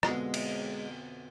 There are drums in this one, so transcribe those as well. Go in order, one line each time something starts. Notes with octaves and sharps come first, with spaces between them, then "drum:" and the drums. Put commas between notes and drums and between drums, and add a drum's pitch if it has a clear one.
F2 B2 D3 G#3, drum: rim click
drum: cymbal